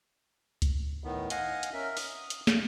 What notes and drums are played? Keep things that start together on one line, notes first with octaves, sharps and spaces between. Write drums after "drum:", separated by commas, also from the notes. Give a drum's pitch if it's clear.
drum: kick C#2, hi-hat
A2 D#3 B3
D#5 F5 F#5 G#5, drum: hi-hat
drum: hi-hat
C#4 A#4 E5
D#6, drum: open hi-hat
drum: hi-hat
drum: snare